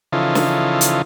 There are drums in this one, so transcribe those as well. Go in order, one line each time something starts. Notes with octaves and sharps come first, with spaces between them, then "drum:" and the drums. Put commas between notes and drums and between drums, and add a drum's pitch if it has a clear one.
C#3 E3 F3 D#4 F4 A4
drum: snare
drum: hi-hat